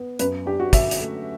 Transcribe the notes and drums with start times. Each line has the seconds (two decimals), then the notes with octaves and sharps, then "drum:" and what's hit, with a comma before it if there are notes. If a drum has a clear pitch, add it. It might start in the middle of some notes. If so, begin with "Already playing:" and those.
Already playing: B3
0.19 F#2 B4, drum: hi-hat
0.46 D4 G4
0.60 F#4
0.73 D3 E5, drum: kick, hi-hat
0.91 drum: hi-hat
1.01 A3